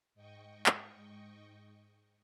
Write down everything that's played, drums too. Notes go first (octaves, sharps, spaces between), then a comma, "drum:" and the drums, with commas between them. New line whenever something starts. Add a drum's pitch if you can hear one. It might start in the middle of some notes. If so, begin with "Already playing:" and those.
G#2 D#5 G5 C#6
drum: clap